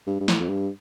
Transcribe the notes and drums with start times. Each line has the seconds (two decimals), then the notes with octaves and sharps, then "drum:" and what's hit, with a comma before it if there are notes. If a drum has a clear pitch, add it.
0.07 G2
0.20 G2
0.28 A2, drum: snare
0.40 F2
0.49 G2